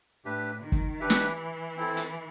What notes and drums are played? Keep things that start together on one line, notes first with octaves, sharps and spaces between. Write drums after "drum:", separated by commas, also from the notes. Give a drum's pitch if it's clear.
A2 D4 G4 B4 E5
D#3
drum: kick
E3 D4 G4 B4 E5
drum: snare
C4 E4 A4
drum: hi-hat